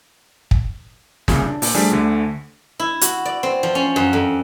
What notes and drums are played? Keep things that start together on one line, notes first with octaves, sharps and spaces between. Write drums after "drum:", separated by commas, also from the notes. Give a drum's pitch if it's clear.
drum: kick
C2 A#2 C#3, drum: snare
D4
A#2, drum: open hi-hat
F3 G3 A3 D4 G#4
D2 D3 A3
E4
F#4, drum: hi-hat
D5
C4
F3
C#4
F#2
F2